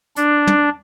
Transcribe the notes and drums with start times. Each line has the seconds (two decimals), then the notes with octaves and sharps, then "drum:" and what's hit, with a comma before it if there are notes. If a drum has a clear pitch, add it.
0.16 D4, drum: hi-hat
0.47 drum: tom